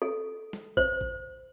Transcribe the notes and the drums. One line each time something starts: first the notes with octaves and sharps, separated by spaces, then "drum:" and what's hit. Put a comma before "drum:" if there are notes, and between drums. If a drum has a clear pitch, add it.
A4
drum: snare
C5, drum: kick
drum: kick